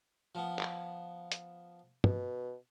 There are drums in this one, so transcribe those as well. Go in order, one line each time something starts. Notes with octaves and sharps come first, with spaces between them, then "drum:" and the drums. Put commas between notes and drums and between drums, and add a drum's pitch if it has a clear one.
F3 B3
drum: clap
drum: hi-hat
B2, drum: tom